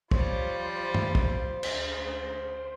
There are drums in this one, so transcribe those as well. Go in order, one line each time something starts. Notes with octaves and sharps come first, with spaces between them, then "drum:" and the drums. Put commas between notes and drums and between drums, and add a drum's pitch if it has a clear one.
F3 G3 F4 C5 C#5, drum: kick
C5
drum: tom
drum: kick
D2 C#3, drum: cymbal